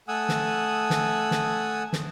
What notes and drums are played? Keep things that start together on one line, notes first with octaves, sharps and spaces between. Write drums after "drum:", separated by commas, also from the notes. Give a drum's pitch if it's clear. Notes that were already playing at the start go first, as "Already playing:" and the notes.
A3 F#5 G#5 D#6 E6
drum: snare
drum: snare
drum: snare
drum: snare